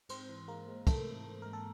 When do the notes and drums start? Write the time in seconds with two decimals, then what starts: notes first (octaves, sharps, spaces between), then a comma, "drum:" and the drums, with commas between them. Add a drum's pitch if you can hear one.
0.09 G#2 C4 C5, drum: cymbal
0.29 E3
0.48 G#3 A#3 A#4
0.68 G#3
0.87 G#2 A3 A4, drum: kick, cymbal
1.06 E3
1.26 G#2
1.42 G#3 A#4
1.53 A4